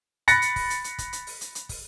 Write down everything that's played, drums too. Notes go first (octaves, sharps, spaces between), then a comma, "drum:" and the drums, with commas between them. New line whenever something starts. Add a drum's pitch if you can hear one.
B5 F#6 A6 A#6 C#7, drum: hi-hat
drum: hi-hat
drum: kick, open hi-hat
drum: hi-hat
drum: hi-hat
drum: kick, hi-hat
drum: hi-hat
drum: open hi-hat
drum: hi-hat
drum: hi-hat
drum: kick, open hi-hat